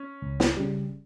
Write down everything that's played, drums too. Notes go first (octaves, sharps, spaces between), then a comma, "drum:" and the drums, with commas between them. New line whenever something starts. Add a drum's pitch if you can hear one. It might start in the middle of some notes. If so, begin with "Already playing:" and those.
Already playing: C#4
C#2
drum: snare
C#3 G3